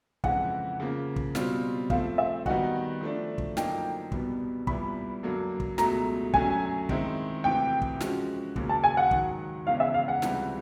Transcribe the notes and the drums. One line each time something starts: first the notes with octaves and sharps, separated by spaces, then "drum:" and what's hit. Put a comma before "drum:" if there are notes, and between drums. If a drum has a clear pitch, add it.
F2 C#3 E3 G#3 F#5, drum: kick
C#3 F3 A#3
drum: kick
B2 G3 C4 F4, drum: snare
F3 A3 C4 F5, drum: kick
E5
D#3 G3 B3 D#4 F#4 F#5, drum: kick
F3 A3 D4
drum: kick
F#2 D3 F3 A#3 D#4 G5, drum: snare
C2 B2 G3 B3, drum: kick
C2 A#2 G3 B3 E4 B5, drum: kick
F#2 D3 F#3 A#3
drum: kick
C#2 B2 F#3 A3 A#5, drum: snare
F#2 D3 F#3 A3 C#4 G#5, drum: kick
D#3 G#3 C4 E4, drum: kick
D2 C3 E3 G5
drum: kick
F3 G#3 C#4 F#4, drum: snare
D#2 C#3 F#3 A#3, drum: kick
A5
G#5
F#5
G#2 D#3 F#3, drum: kick
E2 C#3 E3 G#3 F5
E5
F5
F#5
C#2 C3 E3 G3, drum: snare